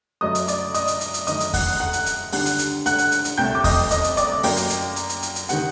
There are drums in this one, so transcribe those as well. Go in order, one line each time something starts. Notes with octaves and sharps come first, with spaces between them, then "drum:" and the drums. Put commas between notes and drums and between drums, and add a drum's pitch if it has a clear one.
F#2 F#3 A3 D#5 D#6
drum: hi-hat
D5 D6, drum: hi-hat
D#5 D#6, drum: hi-hat
drum: hi-hat
drum: hi-hat
drum: hi-hat
F#2 D#3 A3 D#5 D#6, drum: hi-hat
drum: hi-hat
F#5 F#6, drum: kick E2, open hi-hat
F#5 F#6
drum: hi-hat
drum: hi-hat
D#2 D3 G3 F#5 F#6, drum: open hi-hat
drum: hi-hat
drum: hi-hat
F#5 F#6, drum: hi-hat
drum: hi-hat
drum: hi-hat
drum: hi-hat
C2 A#2 A3 G5 G6
D6
D#5 D#6, drum: kick E2, open hi-hat
D#5 D#6, drum: hi-hat
drum: hi-hat
D5 D6, drum: hi-hat
F#2 F#3 A#3 G5, drum: open hi-hat
drum: hi-hat
drum: hi-hat
drum: hi-hat
drum: hi-hat
drum: hi-hat
drum: hi-hat
C3 D#3 F#5, drum: hi-hat